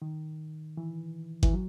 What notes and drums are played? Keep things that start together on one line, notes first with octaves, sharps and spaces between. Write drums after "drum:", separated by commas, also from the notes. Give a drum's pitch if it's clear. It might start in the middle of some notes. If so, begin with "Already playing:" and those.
D#3
E3
E3, drum: kick G1
F#3